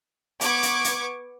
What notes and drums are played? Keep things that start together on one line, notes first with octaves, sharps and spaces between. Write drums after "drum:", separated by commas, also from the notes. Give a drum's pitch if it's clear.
B3 C#6 D6 G#6, drum: hi-hat
drum: hi-hat
drum: hi-hat